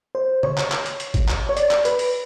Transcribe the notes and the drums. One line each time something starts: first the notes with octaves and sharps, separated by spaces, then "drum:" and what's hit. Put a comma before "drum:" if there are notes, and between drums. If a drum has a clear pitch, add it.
C5
C#5, drum: tom
drum: clap
drum: clap
drum: hi-hat
drum: hi-hat
drum: kick G#1, hi-hat
drum: clap
C#5
D5, drum: hi-hat
drum: clap
B4, drum: hi-hat
drum: open hi-hat